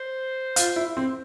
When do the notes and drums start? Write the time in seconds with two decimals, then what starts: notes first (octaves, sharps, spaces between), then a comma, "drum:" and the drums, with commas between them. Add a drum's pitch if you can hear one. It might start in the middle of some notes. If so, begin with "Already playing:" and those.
Already playing: C5
0.56 F4, drum: hi-hat
0.76 E4
0.97 C4